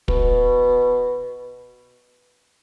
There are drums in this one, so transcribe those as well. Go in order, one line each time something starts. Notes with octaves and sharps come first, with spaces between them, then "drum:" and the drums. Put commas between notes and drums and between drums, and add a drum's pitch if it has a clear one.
B2, drum: kick